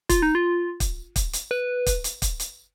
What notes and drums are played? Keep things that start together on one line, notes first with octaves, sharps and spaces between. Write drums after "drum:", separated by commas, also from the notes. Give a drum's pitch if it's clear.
F4, drum: kick, hi-hat
D#4
F4
drum: kick, hi-hat
drum: kick, hi-hat
drum: hi-hat
B4
drum: kick, hi-hat
drum: hi-hat
drum: kick, hi-hat
drum: hi-hat